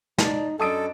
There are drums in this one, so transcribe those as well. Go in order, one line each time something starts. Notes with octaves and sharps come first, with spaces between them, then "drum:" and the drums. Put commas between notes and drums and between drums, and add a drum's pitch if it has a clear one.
D#4 D5 A5, drum: snare
F#2 D4 A4 D#5 A5 D#6 D7